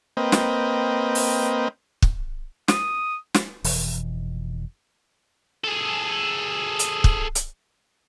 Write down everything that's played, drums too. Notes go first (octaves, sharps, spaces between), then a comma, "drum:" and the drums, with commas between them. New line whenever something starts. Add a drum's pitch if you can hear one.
A#3 C4 B4 D#5 G5
drum: snare
drum: open hi-hat
drum: kick
D#6, drum: snare
drum: snare
F1 B2 E3, drum: open hi-hat
G#4 A4
drum: hi-hat
drum: kick
drum: hi-hat